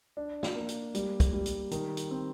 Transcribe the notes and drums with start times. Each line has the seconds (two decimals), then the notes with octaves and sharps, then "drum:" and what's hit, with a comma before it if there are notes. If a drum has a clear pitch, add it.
0.17 D4
0.43 drum: snare
0.55 A#3
0.69 drum: hi-hat
0.95 G3, drum: hi-hat
1.20 drum: kick, hi-hat
1.33 G3
1.46 drum: hi-hat
1.71 D#3, drum: hi-hat
1.97 drum: hi-hat
2.11 C4